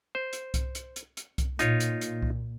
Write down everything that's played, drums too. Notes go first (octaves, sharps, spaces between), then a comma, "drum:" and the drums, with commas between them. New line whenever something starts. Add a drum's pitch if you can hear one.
C5
drum: hi-hat
drum: kick C2, hi-hat
drum: hi-hat
drum: hi-hat
drum: hi-hat
drum: kick C2, hi-hat
A#2 D#4 F4 C#5, drum: hi-hat
drum: hi-hat
drum: hi-hat
drum: kick C2